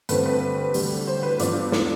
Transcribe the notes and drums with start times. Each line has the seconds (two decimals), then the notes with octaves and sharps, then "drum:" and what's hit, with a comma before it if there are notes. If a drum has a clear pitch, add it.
0.09 G2 D3 A3 C4 B4, drum: hi-hat
0.26 B4
0.74 D2 D3 G3, drum: open hi-hat
1.07 C5
1.23 B4
1.39 G2 F3 B3 D4 D5, drum: hi-hat
1.72 drum: snare